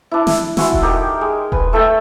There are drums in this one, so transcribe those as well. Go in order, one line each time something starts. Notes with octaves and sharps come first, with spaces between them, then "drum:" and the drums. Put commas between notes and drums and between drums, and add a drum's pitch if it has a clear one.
D4 E4
drum: snare
E4 F#4 G#5 C6, drum: snare
drum: kick E1
D#4 G4 A#4 G5
G#3
B4 G#5, drum: kick E1
A3 A4 E5 G5